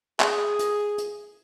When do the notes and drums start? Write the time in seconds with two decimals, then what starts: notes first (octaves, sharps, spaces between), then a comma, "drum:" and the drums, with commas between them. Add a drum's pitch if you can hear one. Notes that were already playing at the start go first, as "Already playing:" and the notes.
0.20 G#4, drum: clap
0.59 drum: hi-hat
0.98 drum: hi-hat